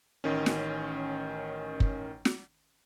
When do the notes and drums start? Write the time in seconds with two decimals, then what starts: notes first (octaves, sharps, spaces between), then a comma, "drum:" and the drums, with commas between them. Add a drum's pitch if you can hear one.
0.24 A1 D#3 C#4
0.46 drum: snare
1.80 drum: kick
2.25 drum: snare